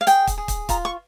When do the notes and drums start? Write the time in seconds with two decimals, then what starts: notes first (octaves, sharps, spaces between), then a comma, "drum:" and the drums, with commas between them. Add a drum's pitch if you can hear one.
0.01 F5
0.07 G#4 G5, drum: hi-hat
0.27 drum: kick, hi-hat
0.38 G#4
0.48 drum: kick, hi-hat
0.69 F4 A#5, drum: kick, hi-hat
0.85 C#6